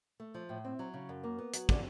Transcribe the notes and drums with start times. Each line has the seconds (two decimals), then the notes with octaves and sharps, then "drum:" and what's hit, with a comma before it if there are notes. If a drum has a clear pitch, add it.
0.20 A3
0.34 F3
0.49 A2
0.65 C4
0.79 F#3
0.94 C#3
1.09 F#2
1.24 A#3
1.39 B3
1.54 F#3, drum: hi-hat
1.69 D3, drum: kick